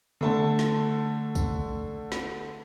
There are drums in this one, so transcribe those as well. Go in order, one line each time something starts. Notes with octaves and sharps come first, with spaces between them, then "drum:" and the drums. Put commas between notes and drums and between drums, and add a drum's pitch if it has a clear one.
D3 A3 A5
drum: snare
drum: kick, tambourine
drum: snare